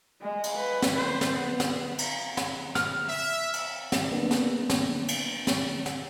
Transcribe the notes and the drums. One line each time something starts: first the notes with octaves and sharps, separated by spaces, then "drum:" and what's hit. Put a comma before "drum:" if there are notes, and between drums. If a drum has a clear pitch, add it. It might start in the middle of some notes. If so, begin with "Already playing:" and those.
G#3
drum: cymbal
B4
drum: snare
C5
drum: snare
B3
drum: snare
drum: cymbal
drum: snare
F6, drum: snare
E5
drum: cymbal
drum: snare
A#3 B3 D4
drum: snare
drum: snare
drum: cymbal
drum: snare
drum: snare